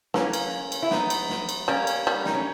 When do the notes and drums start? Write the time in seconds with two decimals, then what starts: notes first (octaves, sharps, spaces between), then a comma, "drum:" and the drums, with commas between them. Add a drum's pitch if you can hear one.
0.14 E3 A#3 C#4, drum: snare
0.33 drum: cymbal
0.72 drum: cymbal
0.82 E4
0.91 B3 D#4, drum: snare
1.10 drum: cymbal
1.29 drum: snare
1.49 drum: cymbal
1.68 G3 A#3 C#4
1.87 drum: cymbal
2.07 G3
2.25 D#4, drum: snare
2.35 C#4